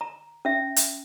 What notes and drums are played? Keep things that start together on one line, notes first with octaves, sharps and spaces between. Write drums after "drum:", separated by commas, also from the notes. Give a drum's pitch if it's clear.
A#5
C#4 E5
drum: hi-hat